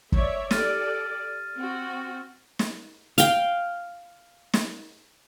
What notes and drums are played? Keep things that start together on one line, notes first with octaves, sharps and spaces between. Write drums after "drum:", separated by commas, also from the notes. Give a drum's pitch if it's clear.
C#5 D5 E5, drum: kick
G4 A4 D5 F6 A6 D#7, drum: snare
C4 F#4
drum: snare
F5 G5, drum: hi-hat
drum: snare